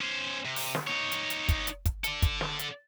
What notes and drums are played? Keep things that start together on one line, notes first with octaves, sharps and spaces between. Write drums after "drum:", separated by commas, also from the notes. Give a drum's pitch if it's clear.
C#4 C5
C3
drum: open hi-hat
drum: snare
D#4 C#5
drum: hi-hat
drum: hi-hat
drum: kick, hi-hat
drum: hi-hat
drum: kick, hi-hat
A4 D5, drum: hi-hat
drum: kick, hi-hat
drum: snare
drum: hi-hat